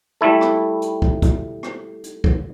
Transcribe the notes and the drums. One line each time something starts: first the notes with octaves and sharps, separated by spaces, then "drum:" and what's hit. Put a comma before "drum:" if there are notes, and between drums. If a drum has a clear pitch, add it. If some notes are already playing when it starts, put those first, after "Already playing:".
G3 A3 E4 A4
drum: rim click
drum: hi-hat
drum: kick
drum: kick, hi-hat
drum: rim click
drum: hi-hat
drum: kick